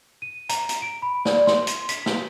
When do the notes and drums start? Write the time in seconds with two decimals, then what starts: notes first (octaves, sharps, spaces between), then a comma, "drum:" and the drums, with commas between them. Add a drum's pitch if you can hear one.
0.22 D#7
0.49 A#5, drum: hi-hat
0.69 drum: hi-hat
0.82 D7
1.02 B5
1.25 D5, drum: snare
1.47 C6, drum: snare
1.67 drum: hi-hat
1.89 B6, drum: hi-hat
2.06 drum: snare